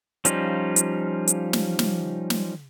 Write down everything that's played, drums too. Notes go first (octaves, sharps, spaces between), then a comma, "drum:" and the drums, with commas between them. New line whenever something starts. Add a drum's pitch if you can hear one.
F3 G3 C#4 D#4 F4, drum: hi-hat
drum: hi-hat
drum: hi-hat
drum: snare
drum: snare
drum: snare